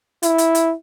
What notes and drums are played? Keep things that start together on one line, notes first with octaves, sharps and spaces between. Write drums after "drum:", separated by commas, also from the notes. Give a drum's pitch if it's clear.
E4, drum: hi-hat
drum: hi-hat
drum: hi-hat